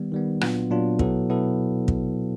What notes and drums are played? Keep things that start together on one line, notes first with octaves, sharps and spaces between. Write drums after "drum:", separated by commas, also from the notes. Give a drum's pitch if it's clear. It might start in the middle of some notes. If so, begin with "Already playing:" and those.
Already playing: D#3 G3 B3
D#3 G3 B3
A#2 F#3 B3 D4 F4, drum: rim click
A#2 F#3 B3 D4 F4
B2 F#3 B3 E4 A4, drum: kick
B2 F#3 B3 E4 A4
drum: kick